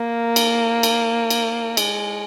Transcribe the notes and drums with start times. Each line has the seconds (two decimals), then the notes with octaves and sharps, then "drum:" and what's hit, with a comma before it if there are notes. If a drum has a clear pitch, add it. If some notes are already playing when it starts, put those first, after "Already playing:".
Already playing: A#3
0.36 drum: cymbal
0.83 drum: cymbal
1.30 drum: cymbal
1.77 G#3, drum: cymbal